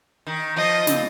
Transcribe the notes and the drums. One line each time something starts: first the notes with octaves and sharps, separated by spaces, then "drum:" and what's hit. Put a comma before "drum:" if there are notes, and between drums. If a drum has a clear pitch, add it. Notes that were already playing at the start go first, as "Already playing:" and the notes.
D#3
F3 D#5
C#3, drum: snare